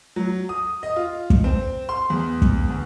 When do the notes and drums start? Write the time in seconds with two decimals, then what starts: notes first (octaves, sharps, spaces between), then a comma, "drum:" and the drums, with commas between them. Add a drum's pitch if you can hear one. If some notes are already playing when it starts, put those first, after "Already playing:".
0.16 F#3
0.49 D#6
0.83 D#5
0.96 F4
1.30 drum: kick
1.44 C4
1.89 C6
2.10 E2
2.42 drum: kick
2.70 D2